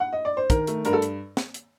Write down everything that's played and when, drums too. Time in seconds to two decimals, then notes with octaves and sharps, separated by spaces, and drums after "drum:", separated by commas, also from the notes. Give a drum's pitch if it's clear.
0.00 F#5
0.13 D#5
0.25 D5
0.37 C5
0.50 D#3 A#4, drum: kick, hi-hat
0.67 A3, drum: hi-hat
0.85 G2 A#4, drum: hi-hat
0.93 A4
1.02 drum: hi-hat
1.37 drum: snare
1.54 drum: hi-hat